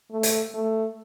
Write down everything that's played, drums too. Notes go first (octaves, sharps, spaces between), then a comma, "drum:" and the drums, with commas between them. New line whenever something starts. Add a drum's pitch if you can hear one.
A3
drum: hi-hat
A3